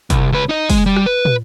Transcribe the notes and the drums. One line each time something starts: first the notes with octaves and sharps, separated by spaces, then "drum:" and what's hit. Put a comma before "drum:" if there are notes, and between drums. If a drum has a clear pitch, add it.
C2, drum: kick, hi-hat
C#2 B4
D#4 D#5
G#3, drum: kick, open hi-hat
G3
drum: rim click
B4
drum: tom